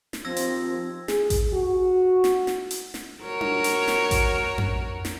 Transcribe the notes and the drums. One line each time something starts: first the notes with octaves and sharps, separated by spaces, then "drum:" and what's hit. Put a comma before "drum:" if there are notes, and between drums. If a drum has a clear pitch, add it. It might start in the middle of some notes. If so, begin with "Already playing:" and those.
drum: snare
D#2 F3 C4 E6 G#6 A#6
drum: hi-hat
G#4, drum: snare
drum: kick A1, hi-hat
F#4
drum: snare
drum: snare
drum: hi-hat
drum: snare
F#4 A#4 C#5
drum: tom D4
drum: hi-hat
drum: snare
drum: kick A1, hi-hat
drum: tom F2
drum: snare